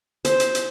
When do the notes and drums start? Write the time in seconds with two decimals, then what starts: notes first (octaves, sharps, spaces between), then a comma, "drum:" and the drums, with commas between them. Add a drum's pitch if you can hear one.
0.25 C5, drum: hi-hat
0.40 drum: hi-hat
0.55 drum: hi-hat